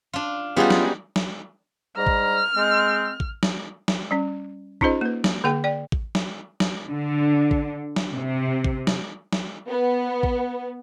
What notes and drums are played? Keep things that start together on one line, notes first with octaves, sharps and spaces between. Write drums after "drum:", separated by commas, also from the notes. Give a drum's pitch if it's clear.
D4 F4
G3 B3 C#4 D#4 F4 F#4 G#4
drum: snare
drum: snare
G#2 G3 A#5 F6
drum: kick A1
G#3 C4
drum: kick A1
drum: snare
drum: snare
G3 C#4
C#4 D#4 F4 G#4 C5 D#5, drum: kick A1
A#3 B4
drum: snare
D3 A#3 G#4 G5
D5 G5
drum: kick A1
drum: snare
drum: snare
D3
drum: kick A1
drum: snare
C3
drum: kick A1
drum: snare
drum: snare
B3
drum: kick A1